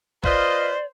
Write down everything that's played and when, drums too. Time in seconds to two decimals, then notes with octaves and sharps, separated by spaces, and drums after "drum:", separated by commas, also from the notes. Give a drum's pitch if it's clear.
0.24 F4 B4 C5 D5 D#5, drum: kick